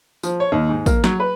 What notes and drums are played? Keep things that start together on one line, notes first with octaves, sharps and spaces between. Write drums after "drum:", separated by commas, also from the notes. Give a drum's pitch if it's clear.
F3, drum: tambourine
C#5
D#2
G#2
A#3, drum: kick, tambourine
F#3, drum: snare
B4